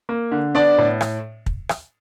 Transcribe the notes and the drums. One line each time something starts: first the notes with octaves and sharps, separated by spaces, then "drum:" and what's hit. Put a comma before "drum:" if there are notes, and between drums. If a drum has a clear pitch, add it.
A#3
D3
B3 D4 D5
A2
drum: rim click
drum: kick
drum: rim click